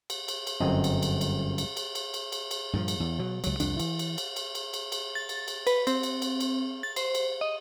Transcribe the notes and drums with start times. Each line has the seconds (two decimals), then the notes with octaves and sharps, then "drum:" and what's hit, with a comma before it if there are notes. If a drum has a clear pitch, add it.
0.10 drum: cymbal
0.28 drum: cymbal
0.47 drum: cymbal
0.60 G1 F#2 C4 D#5
0.84 drum: cymbal
1.03 drum: cymbal
1.21 drum: cymbal
1.58 drum: cymbal
1.77 drum: cymbal
1.95 drum: cymbal
2.14 drum: cymbal
2.32 drum: cymbal
2.51 drum: cymbal
2.73 G2 A#2 D3 F3
2.88 drum: cymbal
3.00 E2
3.19 B2 F#3
3.44 C#2 F#3, drum: cymbal
3.60 C2 F2 D4, drum: cymbal
3.79 E3, drum: cymbal
3.99 drum: cymbal
4.18 drum: cymbal
4.36 drum: cymbal
4.55 drum: cymbal
4.74 drum: cymbal
4.92 drum: cymbal
5.15 A6
5.29 drum: cymbal
5.48 drum: cymbal
5.67 B4, drum: cymbal
5.87 C4, drum: cymbal
6.03 drum: cymbal
6.22 drum: cymbal
6.40 drum: cymbal
6.83 A6
6.96 C5, drum: cymbal
7.15 drum: cymbal
7.41 D#5